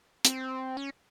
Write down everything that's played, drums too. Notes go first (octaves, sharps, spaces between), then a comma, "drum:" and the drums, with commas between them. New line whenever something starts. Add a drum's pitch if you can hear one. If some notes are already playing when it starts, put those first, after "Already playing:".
C4, drum: hi-hat
C#4